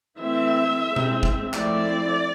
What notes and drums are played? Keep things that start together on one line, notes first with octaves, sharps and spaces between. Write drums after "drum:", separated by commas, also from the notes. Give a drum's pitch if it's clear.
E3 A3 C4 E4 E5
E3 G#3 C4
drum: tom B2
drum: kick
F3 A3 C4 E4 D5, drum: clap